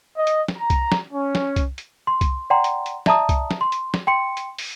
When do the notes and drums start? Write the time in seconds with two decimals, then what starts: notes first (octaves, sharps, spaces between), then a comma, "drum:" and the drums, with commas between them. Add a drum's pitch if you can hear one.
0.17 D#5
0.27 drum: hi-hat
0.48 drum: snare
0.58 A#5
0.70 drum: kick C2, hi-hat
0.92 drum: snare
1.13 C#4
1.35 drum: snare
1.56 drum: kick C2, hi-hat
1.78 drum: hi-hat
2.07 C6
2.21 drum: kick C2, hi-hat
2.50 D5 F#5 G5 A#5 C6
2.64 drum: hi-hat
2.86 drum: hi-hat
3.06 D5 E5 A5 A#5 D#6, drum: snare
3.29 drum: kick C2, hi-hat
3.51 drum: snare
3.61 C6
3.72 drum: hi-hat
3.94 drum: snare
4.07 G5 C6 C#7
4.37 drum: hi-hat
4.58 drum: open hi-hat